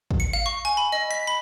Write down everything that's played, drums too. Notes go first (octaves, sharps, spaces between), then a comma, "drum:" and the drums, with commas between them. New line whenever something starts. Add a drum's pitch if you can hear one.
drum: kick
C#7
F5
C#6
G#5
B5
D#5
B6
B5